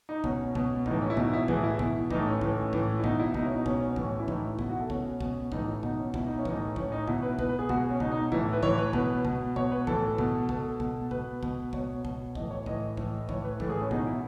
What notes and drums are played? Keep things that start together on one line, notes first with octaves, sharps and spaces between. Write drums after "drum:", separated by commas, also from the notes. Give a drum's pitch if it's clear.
D#4
B2 C#4, drum: kick
B2, drum: kick
A2 E3 D#4, drum: kick
C#4
E4
B2 D#4, drum: kick
E4
A2 E3 G#4, drum: kick
E4
B2, drum: kick
A2 E3 D#4, drum: kick
C#4
A2 E3, drum: kick
A2 E3, drum: kick
E4
B2 D#4, drum: kick
E4
B2 D#4, drum: kick
C#4
D#4
B2 C#4, drum: kick
C#4
A2 E3, drum: kick
C#4
E4
A2 E3 D#4, drum: kick
B2 E4, drum: kick
F#4
A4
B2 C#4, drum: kick
B2, drum: kick
A2 E3 D#4, drum: kick
E4
B2 D#4, drum: kick
C#4
B2 E4, drum: kick
D#4
C#4
A2 E3 D#4, drum: kick
A2 E3 C#4, drum: kick
D#4
B2 E4, drum: kick
B4
B2 B4, drum: kick
B4
G#4
B2 F#4, drum: kick
C#4
B2 D#4, drum: kick
D#4
A2 E3 E4, drum: kick
B4
A2 E3 C#5, drum: kick
B4
B2 B4, drum: kick
B2, drum: kick
B2 C#5, drum: kick
B4
A2 E3 A4, drum: kick
B2, drum: kick
B2 A4, drum: kick
B2, drum: kick
B2 B4, drum: kick
B2, drum: kick
B2 C#5, drum: kick
B2, drum: kick
A2 E3 D#5, drum: kick
C#5
A2 E3 D#5, drum: kick
A2 E3, drum: kick
A2 E3 C#5, drum: kick
B4
A2 E3 A4, drum: kick
G#4
C#4
B2 D#4, drum: kick
E4